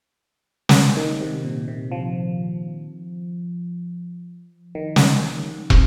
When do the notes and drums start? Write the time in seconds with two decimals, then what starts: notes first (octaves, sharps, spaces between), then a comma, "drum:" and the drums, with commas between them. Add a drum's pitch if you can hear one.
0.69 drum: snare
0.97 D#3
1.21 C3
1.45 A#2
1.68 C3
1.92 F3
4.75 D#3
4.96 drum: snare
5.70 C3, drum: kick